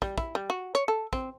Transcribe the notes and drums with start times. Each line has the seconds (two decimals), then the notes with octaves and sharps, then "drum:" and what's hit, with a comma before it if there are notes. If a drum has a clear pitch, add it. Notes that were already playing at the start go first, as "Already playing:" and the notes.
0.02 G3, drum: kick
0.18 E4, drum: kick
0.35 G3
0.50 F#4
0.75 C#5
0.88 A4
1.13 C4, drum: kick